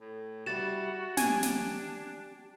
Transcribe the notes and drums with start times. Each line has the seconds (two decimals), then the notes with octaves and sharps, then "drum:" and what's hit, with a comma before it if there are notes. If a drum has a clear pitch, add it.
0.01 A2
0.46 G3 E4 F#4 G4 A6 E7
1.17 D4 G4 G#5, drum: snare
1.43 drum: snare